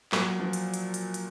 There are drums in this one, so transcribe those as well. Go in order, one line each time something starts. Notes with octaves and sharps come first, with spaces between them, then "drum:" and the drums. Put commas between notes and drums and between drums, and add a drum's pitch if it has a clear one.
A#2 F#3 F#4, drum: clap
F3
drum: hi-hat
drum: hi-hat
drum: hi-hat
drum: hi-hat